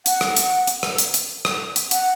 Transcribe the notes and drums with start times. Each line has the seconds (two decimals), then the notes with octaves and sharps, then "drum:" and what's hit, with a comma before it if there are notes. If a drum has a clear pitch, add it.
0.06 F#5, drum: hi-hat
0.21 drum: rim click
0.36 drum: hi-hat
0.67 drum: hi-hat
0.83 drum: rim click
0.98 drum: hi-hat
1.14 drum: hi-hat
1.45 drum: rim click
1.76 drum: hi-hat
1.91 F#5, drum: hi-hat